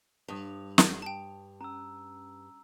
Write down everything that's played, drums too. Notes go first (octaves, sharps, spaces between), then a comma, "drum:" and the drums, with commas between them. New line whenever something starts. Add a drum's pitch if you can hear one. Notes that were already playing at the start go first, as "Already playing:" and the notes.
G2 G3 D#6 F7
drum: snare
G5 A5
C#4 A#5 E6